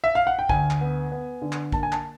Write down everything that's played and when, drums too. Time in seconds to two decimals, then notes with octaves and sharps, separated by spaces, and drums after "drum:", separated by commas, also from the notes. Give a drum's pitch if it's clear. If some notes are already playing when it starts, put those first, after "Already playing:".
0.04 E5
0.15 F5
0.27 F#5
0.39 G5
0.49 D2 G#5, drum: kick
0.70 drum: clap
0.81 B3
1.12 B3
1.42 D3
1.52 drum: clap
1.72 A#3 A5, drum: kick
1.83 G#5
1.92 A5, drum: clap